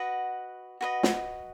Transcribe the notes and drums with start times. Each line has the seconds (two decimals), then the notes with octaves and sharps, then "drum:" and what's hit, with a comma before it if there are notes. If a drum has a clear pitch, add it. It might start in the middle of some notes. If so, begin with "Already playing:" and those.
Already playing: F#4 B4 D#5 F#5
0.81 F#4 B4 D#5
1.03 drum: snare